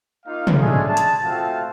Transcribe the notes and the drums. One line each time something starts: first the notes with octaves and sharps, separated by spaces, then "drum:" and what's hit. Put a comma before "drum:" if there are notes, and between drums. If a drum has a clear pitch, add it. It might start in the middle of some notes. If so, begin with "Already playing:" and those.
A#3 D#4 F4 F5
drum: tom
G#3 A3 C#4 D4 G#4
A5
drum: hi-hat
A3 C4 F4 F#4 F5 A5